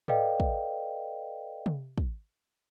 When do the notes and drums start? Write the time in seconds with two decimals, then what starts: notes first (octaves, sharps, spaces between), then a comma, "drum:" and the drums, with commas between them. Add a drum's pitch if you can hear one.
0.08 A4 B4 D5 D#5 F5 G5, drum: tom G#2
0.40 drum: kick
1.66 drum: tom
1.98 drum: kick